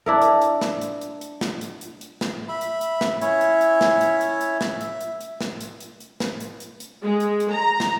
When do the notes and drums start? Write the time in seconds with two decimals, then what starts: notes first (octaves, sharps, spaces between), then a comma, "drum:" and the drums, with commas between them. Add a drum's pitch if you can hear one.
0.06 D4 E4 A#4
0.22 drum: hi-hat
0.42 drum: hi-hat
0.61 drum: snare
0.81 drum: hi-hat
1.01 drum: hi-hat
1.21 drum: hi-hat
1.41 drum: snare
1.61 drum: hi-hat
1.81 drum: hi-hat
2.01 drum: hi-hat
2.21 drum: snare
2.48 E5 B5
2.61 drum: hi-hat
2.81 drum: hi-hat
3.01 drum: snare
3.22 C#4 E4 C#5 E5, drum: hi-hat
3.41 drum: hi-hat
3.61 drum: hi-hat
3.81 drum: snare
4.01 drum: hi-hat
4.21 drum: hi-hat
4.41 drum: hi-hat
4.61 drum: snare
4.81 E5, drum: hi-hat
5.01 drum: hi-hat
5.21 drum: hi-hat
5.41 drum: snare
5.61 drum: hi-hat
5.80 drum: hi-hat
6.00 drum: hi-hat
6.20 drum: snare
6.40 drum: hi-hat
6.60 drum: hi-hat
6.80 drum: hi-hat
7.04 G#3
7.20 drum: hi-hat
7.40 drum: hi-hat
7.52 A#5
7.80 drum: snare